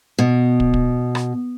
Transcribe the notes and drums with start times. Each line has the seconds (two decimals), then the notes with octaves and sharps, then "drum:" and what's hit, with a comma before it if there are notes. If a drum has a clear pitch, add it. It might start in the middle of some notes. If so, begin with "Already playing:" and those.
0.19 B2
0.60 drum: kick
0.74 drum: kick
1.15 drum: rim click